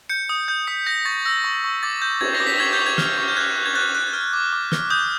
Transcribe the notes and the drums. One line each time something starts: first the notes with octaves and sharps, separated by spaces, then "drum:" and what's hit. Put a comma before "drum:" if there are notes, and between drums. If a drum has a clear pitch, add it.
G6 C#7
D#6
G6
D#6 B6
G6 A#6
C#6 A6
E6 A#6
C#6
C#6
D6 A6
G6
D6 G#6, drum: cymbal
A#6
D6
B6
C#6 G#6
G6
C#6
G#6
F6 G#6, drum: snare
C#6
G6
F#6 G#6
F#6
G#6
F#6 A6
F#6
F6
D6
D6
F6, drum: snare
D#6 G6